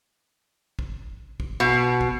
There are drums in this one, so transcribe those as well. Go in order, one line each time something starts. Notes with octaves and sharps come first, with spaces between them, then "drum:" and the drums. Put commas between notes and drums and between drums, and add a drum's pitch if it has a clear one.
drum: kick
drum: kick
B2
drum: kick